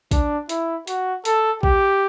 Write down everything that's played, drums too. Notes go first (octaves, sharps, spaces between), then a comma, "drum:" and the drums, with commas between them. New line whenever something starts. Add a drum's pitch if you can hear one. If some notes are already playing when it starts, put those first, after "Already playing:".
D4, drum: kick A#1, hi-hat
E4, drum: hi-hat
F#4, drum: hi-hat
A4, drum: hi-hat
G4, drum: kick A#1